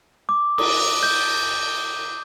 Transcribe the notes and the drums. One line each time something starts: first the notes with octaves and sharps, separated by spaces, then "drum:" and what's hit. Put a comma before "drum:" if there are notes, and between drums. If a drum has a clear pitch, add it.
D6
D#6, drum: cymbal
G6